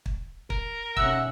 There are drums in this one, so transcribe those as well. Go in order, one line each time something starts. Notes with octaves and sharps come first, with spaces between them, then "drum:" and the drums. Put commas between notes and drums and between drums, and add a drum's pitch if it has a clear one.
drum: kick
A#4, drum: kick
B2 D#3 C#4 G4 E5 F#5 E6, drum: kick